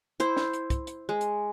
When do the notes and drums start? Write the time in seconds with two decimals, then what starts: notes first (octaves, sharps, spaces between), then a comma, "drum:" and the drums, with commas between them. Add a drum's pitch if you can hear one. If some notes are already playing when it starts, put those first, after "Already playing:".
0.20 E4 C5, drum: hi-hat
0.37 drum: snare
0.53 drum: hi-hat
0.70 drum: kick, hi-hat
0.87 drum: hi-hat
1.09 G#3
1.21 drum: hi-hat